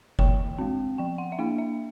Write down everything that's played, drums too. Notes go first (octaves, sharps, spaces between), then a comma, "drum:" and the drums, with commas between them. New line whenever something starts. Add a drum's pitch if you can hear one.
E3 G5, drum: kick F1
G#3 C4
F3 G5
F#5
E5
A#3 D4 F5
E5